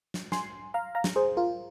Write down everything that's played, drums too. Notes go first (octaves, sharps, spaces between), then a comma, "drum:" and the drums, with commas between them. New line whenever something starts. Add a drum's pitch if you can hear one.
drum: snare
G#5 C6, drum: snare
F5 A#5
F5 A#5
drum: snare
G#4 C5
F4 A#4